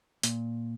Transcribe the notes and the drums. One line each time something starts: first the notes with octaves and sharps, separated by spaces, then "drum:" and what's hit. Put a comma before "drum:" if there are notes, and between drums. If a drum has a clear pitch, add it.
A#2, drum: hi-hat